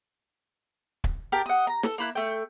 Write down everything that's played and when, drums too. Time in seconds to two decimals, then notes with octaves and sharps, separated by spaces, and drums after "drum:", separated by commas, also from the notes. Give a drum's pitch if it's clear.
1.04 drum: kick
1.32 G4 A#4 A5
1.46 D#5 F#5
1.67 A#5
1.83 A4, drum: snare
1.98 A#3 E4 F#6
2.15 A3 G5